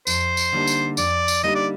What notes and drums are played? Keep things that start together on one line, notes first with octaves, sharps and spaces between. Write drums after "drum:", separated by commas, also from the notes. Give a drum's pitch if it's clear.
F2 C5, drum: tambourine
drum: tambourine
D3 G3 A#3 D#4
drum: tambourine
F2 D5, drum: tambourine
drum: tambourine
D3 G3 A#3 D#4 D#5
D5